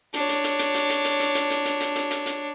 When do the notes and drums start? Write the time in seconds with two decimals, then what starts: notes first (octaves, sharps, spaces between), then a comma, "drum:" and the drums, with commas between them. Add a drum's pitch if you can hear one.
0.14 D4 C#5, drum: hi-hat
0.29 drum: hi-hat
0.44 drum: hi-hat
0.59 drum: hi-hat
0.75 drum: hi-hat
0.90 drum: hi-hat
1.05 drum: hi-hat
1.20 drum: hi-hat
1.35 drum: hi-hat
1.50 drum: hi-hat
1.65 drum: hi-hat
1.81 drum: hi-hat
1.96 drum: hi-hat
2.11 drum: hi-hat
2.26 drum: hi-hat